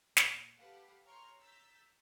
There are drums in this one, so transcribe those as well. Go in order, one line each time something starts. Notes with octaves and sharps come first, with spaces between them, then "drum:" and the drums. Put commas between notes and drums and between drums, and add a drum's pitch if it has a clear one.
A#2, drum: snare
G4 A4 B4 F5 F#5
C#5 G5 A#5 C6 C#6 F6
A#5 E6 G6 A6 B6